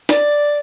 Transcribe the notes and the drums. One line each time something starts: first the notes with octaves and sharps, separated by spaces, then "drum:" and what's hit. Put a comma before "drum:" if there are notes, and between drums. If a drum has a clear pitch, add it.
D5, drum: snare